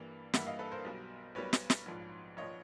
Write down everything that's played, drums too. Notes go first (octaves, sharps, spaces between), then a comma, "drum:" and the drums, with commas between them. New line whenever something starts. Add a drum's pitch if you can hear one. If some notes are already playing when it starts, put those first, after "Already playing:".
Already playing: G2 E3 G3 A#3
G2 E3 G3 A#3 E5 F#5, drum: snare
D#5 F5
A4 B4
A#4 C5
B1 B2 G3
B1 B2 G3 B4 C#5
drum: snare
drum: snare
A#1 G#2 F3
A#1 F3 C#5 D#5